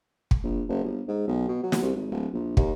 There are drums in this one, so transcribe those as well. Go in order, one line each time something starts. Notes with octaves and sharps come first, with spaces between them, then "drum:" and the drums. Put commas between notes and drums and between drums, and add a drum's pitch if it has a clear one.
drum: kick
A#1
F#1
G1
G#2
B1
B2
F#3
drum: snare
C2
G#1
D1
A#1
D#2, drum: kick